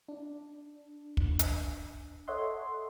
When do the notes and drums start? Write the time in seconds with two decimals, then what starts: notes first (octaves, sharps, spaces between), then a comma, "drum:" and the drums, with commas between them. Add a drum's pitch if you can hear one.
0.08 D4
1.17 drum: kick
1.39 drum: hi-hat
2.28 A4 C#5 D#5 E5 F#5 C6